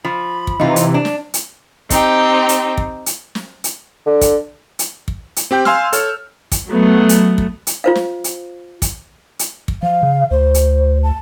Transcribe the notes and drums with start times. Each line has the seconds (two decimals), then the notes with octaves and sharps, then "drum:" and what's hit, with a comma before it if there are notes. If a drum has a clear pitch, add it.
0.05 F3 B5
0.47 drum: kick
0.60 C3 E3 D#4 F4
0.76 drum: hi-hat
0.94 D4
1.05 drum: snare
1.34 drum: hi-hat
1.90 C4 D#4 G4, drum: kick, hi-hat
2.49 drum: hi-hat
2.77 drum: kick
3.06 drum: hi-hat
3.35 drum: snare
3.64 drum: hi-hat
4.06 D3
4.21 drum: kick, hi-hat
4.79 drum: hi-hat
5.08 drum: kick
5.36 drum: hi-hat
5.51 C4 G4 G5 G6
5.65 F5 G#5 C6 E6 F6, drum: snare
5.93 A4 C#5 F6, drum: hi-hat
6.52 drum: kick, hi-hat
6.68 F#3 A3 B3
7.09 drum: hi-hat
7.38 drum: kick
7.67 drum: hi-hat
7.84 F4 C5 F5
7.95 drum: snare
8.24 drum: hi-hat
8.82 drum: kick, hi-hat
9.39 drum: hi-hat
9.68 drum: kick
9.83 F3 F5
10.03 C#3
10.31 D2 C5
10.54 drum: hi-hat
11.03 A5